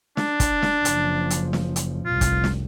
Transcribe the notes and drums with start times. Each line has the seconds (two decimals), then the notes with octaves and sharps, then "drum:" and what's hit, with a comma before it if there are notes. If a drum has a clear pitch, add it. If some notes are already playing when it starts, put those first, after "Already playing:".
0.17 D4, drum: snare
0.40 drum: kick, hi-hat
0.62 drum: snare
0.85 F#1 F3, drum: hi-hat
1.30 drum: hi-hat
1.53 drum: snare
1.76 drum: hi-hat
2.06 F1 C2 F4
2.21 drum: kick, hi-hat
2.44 drum: snare